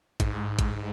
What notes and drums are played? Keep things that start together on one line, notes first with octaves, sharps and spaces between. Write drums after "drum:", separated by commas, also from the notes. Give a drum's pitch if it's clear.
G#2, drum: kick A1, hi-hat
drum: kick A1, hi-hat